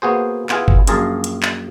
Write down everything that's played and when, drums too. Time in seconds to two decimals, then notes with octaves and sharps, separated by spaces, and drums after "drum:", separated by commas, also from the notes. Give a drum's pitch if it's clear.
0.02 A#3 B3 F#4 G#4 C5
0.49 B3 E4 F4 G#4 G#5, drum: clap
0.68 drum: kick G1
0.87 A#1 F#2 F4 G#4 A5 A#5, drum: hi-hat
1.24 drum: hi-hat
1.43 drum: clap